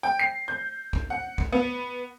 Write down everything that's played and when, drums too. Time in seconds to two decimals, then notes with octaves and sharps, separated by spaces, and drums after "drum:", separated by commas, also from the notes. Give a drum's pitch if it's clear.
0.03 G5
0.19 C7
0.48 G6
0.93 drum: kick
1.10 F#5
1.38 drum: kick
1.52 B3